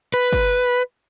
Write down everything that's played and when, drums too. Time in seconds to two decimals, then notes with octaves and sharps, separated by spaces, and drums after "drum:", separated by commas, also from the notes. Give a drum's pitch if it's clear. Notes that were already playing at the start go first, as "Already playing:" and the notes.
0.14 B4
0.33 drum: kick